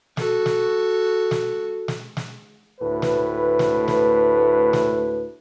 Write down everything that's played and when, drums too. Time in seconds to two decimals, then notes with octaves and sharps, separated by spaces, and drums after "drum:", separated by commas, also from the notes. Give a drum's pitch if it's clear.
0.17 F#4 A4, drum: snare
0.46 drum: snare
1.31 drum: snare
1.88 drum: snare
2.17 drum: snare
2.80 D2 A2 B4
3.02 drum: snare
3.59 drum: snare
3.88 drum: snare
4.73 drum: snare